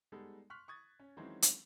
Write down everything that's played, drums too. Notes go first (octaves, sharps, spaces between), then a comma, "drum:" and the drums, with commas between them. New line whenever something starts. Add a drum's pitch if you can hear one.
G3 G#3 B3 D#4 A4
C6 C#6 F6 F#6 B6
C#6 D#6 G#6 A6
C#4
D#3 E3 F#3 G#3 C4 C#4
drum: hi-hat